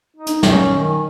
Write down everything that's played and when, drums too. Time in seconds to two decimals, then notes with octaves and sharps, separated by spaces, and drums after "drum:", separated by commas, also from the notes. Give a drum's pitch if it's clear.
0.16 D#4
0.27 drum: hi-hat
0.43 C#4, drum: snare
0.74 D#3